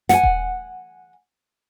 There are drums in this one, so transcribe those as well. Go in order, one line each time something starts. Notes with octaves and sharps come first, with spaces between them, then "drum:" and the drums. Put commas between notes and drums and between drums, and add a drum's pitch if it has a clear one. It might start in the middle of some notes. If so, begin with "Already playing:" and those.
F#5 G#5, drum: snare
drum: kick D#1